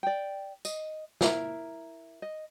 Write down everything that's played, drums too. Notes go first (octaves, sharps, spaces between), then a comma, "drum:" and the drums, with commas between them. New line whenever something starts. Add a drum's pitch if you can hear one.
D5 G5
D#5, drum: tambourine
E4 A#4 E5 A#5, drum: snare
D#5